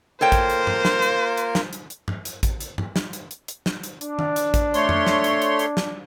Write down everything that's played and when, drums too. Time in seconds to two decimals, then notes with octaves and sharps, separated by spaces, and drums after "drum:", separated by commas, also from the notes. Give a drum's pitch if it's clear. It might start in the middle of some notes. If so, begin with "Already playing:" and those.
0.21 A#3 F4 A4 A#4 C5 C#5 G5
0.32 drum: kick A1, hi-hat
0.50 drum: hi-hat
0.67 drum: tom G2
0.85 drum: snare
1.02 drum: hi-hat
1.37 drum: hi-hat
1.55 drum: snare
1.73 drum: hi-hat
1.90 drum: hi-hat
2.08 drum: tom G2
2.25 drum: hi-hat
2.43 drum: kick A1, hi-hat
2.60 drum: hi-hat
2.78 drum: tom G2
2.96 drum: snare
3.13 drum: hi-hat
3.31 drum: hi-hat
3.48 drum: hi-hat
3.66 drum: snare
3.83 drum: hi-hat
4.01 D4, drum: hi-hat
4.19 drum: tom D#3
4.36 drum: hi-hat
4.54 drum: kick A1, hi-hat
4.74 A3 C#5 C6, drum: hi-hat
4.89 drum: tom F2
5.06 drum: snare
5.24 drum: hi-hat
5.42 drum: hi-hat
5.59 drum: hi-hat
5.77 drum: snare